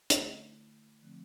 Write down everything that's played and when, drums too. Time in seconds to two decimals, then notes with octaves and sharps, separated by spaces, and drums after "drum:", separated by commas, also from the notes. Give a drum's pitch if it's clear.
0.10 D3 A3 E4, drum: hi-hat
1.02 D3 F3 A3 C4